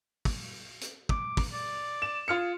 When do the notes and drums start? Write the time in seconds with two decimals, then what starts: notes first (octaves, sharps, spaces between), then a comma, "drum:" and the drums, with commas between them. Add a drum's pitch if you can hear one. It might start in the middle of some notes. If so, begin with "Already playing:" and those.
0.25 drum: kick, open hi-hat
0.81 drum: hi-hat
1.09 D6, drum: kick
1.37 drum: kick, open hi-hat
1.52 D5
2.02 E7
2.28 F4 G#4 F6 C#7